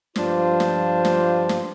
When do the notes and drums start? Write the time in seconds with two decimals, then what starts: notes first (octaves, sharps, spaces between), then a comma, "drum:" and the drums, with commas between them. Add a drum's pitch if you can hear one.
0.16 G2 F3 D4 F4 C5, drum: snare
0.60 drum: snare
1.05 drum: snare
1.49 drum: snare